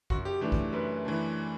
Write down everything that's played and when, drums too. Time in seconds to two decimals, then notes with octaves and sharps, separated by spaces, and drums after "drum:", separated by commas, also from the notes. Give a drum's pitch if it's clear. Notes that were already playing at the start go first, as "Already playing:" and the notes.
0.10 F#2 F#4, drum: kick
0.25 G4
0.41 E3 A3 D4 G4
0.52 drum: kick
0.73 F#2 B4
1.05 E3 A3 D4